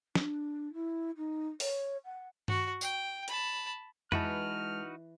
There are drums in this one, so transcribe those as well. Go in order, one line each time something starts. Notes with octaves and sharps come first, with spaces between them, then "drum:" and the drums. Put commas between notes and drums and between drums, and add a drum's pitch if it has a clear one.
D4, drum: snare
E4
D#4
C#5, drum: open hi-hat
F#5
F#4, drum: tom G2
G5, drum: tambourine
A5 B5, drum: hi-hat
E3 G#3 D#4 F#4 B4 A5 F6, drum: tom F2